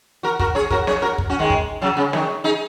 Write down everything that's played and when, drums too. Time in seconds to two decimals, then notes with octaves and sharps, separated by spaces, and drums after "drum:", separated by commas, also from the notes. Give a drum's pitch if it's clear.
0.23 F#4 A#4
0.40 F#4 A#4, drum: kick
0.55 G#4 C#5
0.71 F#4 A#4, drum: kick
0.87 G#4 C#5, drum: snare
1.02 F#4 A#4
1.18 drum: kick
1.30 C#4 F#4
1.39 D#3 G#3
1.50 drum: kick
1.82 C#3 F#3
1.97 C#3
2.13 D#3, drum: snare
2.44 D#4 G#4